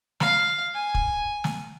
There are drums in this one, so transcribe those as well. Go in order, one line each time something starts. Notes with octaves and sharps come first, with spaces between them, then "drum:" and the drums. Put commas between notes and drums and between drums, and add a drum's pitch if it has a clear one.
F5, drum: snare
G#5
drum: kick
drum: snare